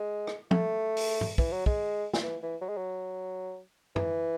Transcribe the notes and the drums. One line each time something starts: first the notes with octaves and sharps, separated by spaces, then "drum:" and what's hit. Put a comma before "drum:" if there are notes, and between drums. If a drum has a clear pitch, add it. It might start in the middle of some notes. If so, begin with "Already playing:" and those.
Already playing: G#3
drum: rim click
A3, drum: tom
drum: open hi-hat
drum: tom G#2
E3, drum: kick
F#3
G#3, drum: kick
drum: snare
E3
E3
F#3
G#3
F#3
E3, drum: tom